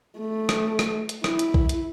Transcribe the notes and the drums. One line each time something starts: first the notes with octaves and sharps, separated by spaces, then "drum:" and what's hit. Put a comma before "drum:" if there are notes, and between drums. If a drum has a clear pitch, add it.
A3
drum: rim click
drum: rim click
drum: hi-hat
E4, drum: rim click
drum: hi-hat
drum: kick B1
drum: hi-hat